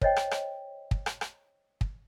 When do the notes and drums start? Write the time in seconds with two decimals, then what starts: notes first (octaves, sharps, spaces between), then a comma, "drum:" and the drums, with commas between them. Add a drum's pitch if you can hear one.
0.01 C5 C#5 D#5 G5, drum: kick
0.16 drum: rim click
0.31 drum: rim click
0.91 drum: kick
1.06 drum: rim click
1.21 drum: rim click
1.81 drum: kick